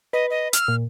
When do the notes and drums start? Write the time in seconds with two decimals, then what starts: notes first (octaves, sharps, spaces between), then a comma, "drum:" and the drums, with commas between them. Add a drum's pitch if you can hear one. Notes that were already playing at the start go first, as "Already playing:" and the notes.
0.13 B4 D#5
0.30 D#5
0.53 E6 F6, drum: hi-hat
0.68 A#2